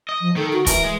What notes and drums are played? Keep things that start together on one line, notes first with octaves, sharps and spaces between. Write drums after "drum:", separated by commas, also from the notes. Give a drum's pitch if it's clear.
D#5
F3
D#3 A4
F#4
E3 A#4, drum: kick C#1, hi-hat
G#3